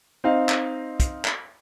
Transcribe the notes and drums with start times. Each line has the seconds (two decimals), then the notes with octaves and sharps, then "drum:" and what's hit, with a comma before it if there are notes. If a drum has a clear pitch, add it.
0.24 C4 D#4 D#5 F5
0.49 drum: clap
1.00 drum: kick, hi-hat
1.25 drum: clap